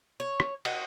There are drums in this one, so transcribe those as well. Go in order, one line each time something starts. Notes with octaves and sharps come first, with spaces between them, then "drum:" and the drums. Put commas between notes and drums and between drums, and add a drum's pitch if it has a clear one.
C#5
drum: rim click
F#4 D#5, drum: cymbal